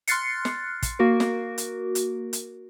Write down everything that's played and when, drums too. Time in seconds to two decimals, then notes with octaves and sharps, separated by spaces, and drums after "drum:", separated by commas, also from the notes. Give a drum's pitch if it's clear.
0.07 C6 F6 F#6 A6 C7 C#7, drum: hi-hat
0.45 drum: snare
0.83 drum: kick, hi-hat
0.99 A#3 F#4 A#4
1.20 drum: snare
1.58 drum: hi-hat
1.95 drum: hi-hat
2.33 drum: hi-hat